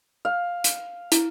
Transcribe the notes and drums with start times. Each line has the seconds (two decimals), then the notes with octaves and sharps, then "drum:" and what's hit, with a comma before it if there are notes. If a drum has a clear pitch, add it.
0.25 F5
0.64 drum: hi-hat
1.12 E4, drum: hi-hat